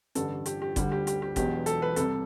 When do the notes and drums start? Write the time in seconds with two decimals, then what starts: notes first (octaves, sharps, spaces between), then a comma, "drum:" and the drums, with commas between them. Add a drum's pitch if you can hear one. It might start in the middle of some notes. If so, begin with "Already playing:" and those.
0.15 A1 G2 D3 A4, drum: hi-hat
0.46 G4, drum: hi-hat
0.62 G4
0.76 D2 D3 G3, drum: kick G1, hi-hat
0.92 G4
1.07 G4, drum: hi-hat
1.22 G4
1.36 E1 E2 B2 F#3 G4, drum: kick G1, hi-hat
1.66 A4, drum: hi-hat
1.82 B4
1.96 C2 C3 G3 A4, drum: hi-hat